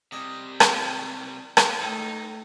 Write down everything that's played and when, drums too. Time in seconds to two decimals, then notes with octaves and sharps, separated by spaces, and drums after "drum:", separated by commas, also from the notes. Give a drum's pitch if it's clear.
0.12 C3 G3 D5 D#5 G#5
0.60 drum: rim click
1.57 drum: rim click
1.81 A2 D#4 E4